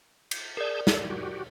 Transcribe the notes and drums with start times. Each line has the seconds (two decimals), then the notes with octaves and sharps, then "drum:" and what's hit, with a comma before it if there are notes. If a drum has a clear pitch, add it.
0.31 drum: cymbal
0.57 G#4 A#4 D5 A5 G6
0.87 A4, drum: snare
1.10 F#4 G4